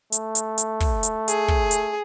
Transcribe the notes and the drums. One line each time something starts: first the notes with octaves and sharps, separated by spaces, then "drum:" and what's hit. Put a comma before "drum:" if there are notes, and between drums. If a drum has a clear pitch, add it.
A3, drum: hi-hat
drum: hi-hat
drum: hi-hat
drum: kick, open hi-hat
drum: hi-hat
G#4, drum: hi-hat
drum: kick
drum: hi-hat